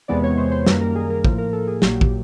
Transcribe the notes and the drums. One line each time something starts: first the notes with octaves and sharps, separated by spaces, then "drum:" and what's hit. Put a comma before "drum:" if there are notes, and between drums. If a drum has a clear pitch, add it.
E2 C3 E3 G#3 B3 D5
C#5
C5
C5
F#2 D#3 G3 A#3 B4, drum: snare
A#4
G#4
A#4
A2 F3 A#3 A#4, drum: kick
A#4
A4
G#4
A#1 A#2 F#3 A#3 G4, drum: snare
drum: kick